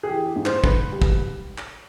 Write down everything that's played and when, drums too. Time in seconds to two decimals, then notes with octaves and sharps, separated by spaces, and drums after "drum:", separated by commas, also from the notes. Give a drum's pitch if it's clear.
0.03 G#4
0.07 E3 G4
0.26 G#4
0.36 G#2
0.46 C5, drum: clap
0.64 G#2 B4, drum: kick
0.92 G3
1.02 drum: kick
1.58 drum: clap